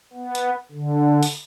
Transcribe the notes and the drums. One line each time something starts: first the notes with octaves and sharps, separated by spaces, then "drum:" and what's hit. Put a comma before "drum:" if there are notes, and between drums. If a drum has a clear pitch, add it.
B3
drum: hi-hat
D3
drum: open hi-hat